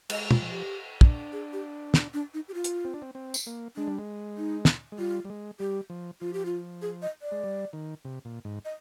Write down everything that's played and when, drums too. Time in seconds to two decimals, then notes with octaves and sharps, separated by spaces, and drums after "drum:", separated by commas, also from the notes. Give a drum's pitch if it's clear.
0.10 G#3 D#5, drum: cymbal
0.31 F4, drum: tom
0.41 F3
0.51 G4
1.01 D4, drum: kick
1.32 G#4
1.53 G4
1.94 drum: snare
2.14 D4
2.34 D#4
2.48 G4
2.54 F4
2.64 drum: hi-hat
2.85 C4
2.94 D4
3.02 C4
3.15 C4
3.34 drum: tambourine
3.47 A#3
3.77 G#3 D4
3.88 G3
3.99 G#3
4.38 D#4
4.65 drum: snare
4.92 G#3
4.98 G3 F4
5.25 G3
5.30 G#3
5.60 G3 G4
5.90 F3
6.21 F3 F4
6.33 G4
6.46 F4
6.82 G#4
7.02 D#5
7.22 D5
7.32 G#3
7.44 G3
7.73 D#3
8.05 C3
8.25 A#2
8.45 G#2
8.65 D#5